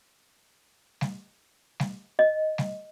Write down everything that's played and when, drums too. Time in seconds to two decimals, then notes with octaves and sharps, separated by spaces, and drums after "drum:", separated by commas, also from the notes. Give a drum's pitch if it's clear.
1.01 drum: snare G3
1.80 drum: snare G3
2.19 D#5
2.58 drum: snare G3